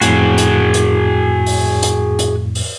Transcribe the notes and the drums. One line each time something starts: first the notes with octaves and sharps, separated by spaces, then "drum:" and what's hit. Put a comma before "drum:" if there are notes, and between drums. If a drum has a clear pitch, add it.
F2 A2 F#4 G#4, drum: hi-hat
drum: hi-hat
drum: hi-hat
drum: open hi-hat
drum: hi-hat
drum: hi-hat
drum: open hi-hat